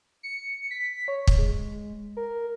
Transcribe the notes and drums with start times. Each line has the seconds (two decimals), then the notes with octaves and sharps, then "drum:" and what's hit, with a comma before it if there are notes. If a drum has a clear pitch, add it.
0.23 C#7
0.71 B6
1.08 C#5
1.27 drum: kick
1.38 G#3
2.17 A#4